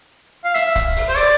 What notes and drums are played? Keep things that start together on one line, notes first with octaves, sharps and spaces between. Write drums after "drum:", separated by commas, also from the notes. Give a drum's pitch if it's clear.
F5
E5, drum: hi-hat
drum: kick, hi-hat
drum: open hi-hat
C5
D5, drum: open hi-hat